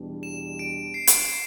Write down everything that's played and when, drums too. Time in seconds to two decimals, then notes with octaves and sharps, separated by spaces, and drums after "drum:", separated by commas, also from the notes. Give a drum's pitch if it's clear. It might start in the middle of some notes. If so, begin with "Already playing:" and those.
Already playing: E2 B2 G3 D4
0.23 E7
0.59 D7
0.94 C7
1.07 drum: hi-hat